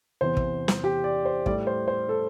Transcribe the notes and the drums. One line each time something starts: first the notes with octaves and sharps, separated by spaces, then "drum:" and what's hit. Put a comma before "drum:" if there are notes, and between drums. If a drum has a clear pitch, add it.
E2 C3 E3 C5
drum: kick
drum: snare
G4
D5
C5
A2 G3 D5, drum: kick
C5
C5
A4